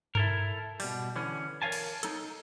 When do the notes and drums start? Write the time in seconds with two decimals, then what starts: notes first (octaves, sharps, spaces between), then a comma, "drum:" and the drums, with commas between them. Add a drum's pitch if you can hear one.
0.15 E4 A4 A#4, drum: tom G2
0.80 B2 G3, drum: open hi-hat
1.16 D3 E3 C#4
1.62 A#4 C#5 E5 F5 G#5 A5
1.72 drum: cymbal
2.03 D#4 A4, drum: hi-hat